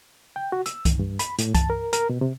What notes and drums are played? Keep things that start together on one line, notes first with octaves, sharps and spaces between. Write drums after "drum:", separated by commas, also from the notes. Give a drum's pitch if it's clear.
G5
F#4
E6, drum: hi-hat
D#3, drum: kick C2, hi-hat
G2
B5, drum: hi-hat
A2, drum: hi-hat
A5, drum: kick C2, hi-hat
A#4
A#4, drum: hi-hat
B2
C3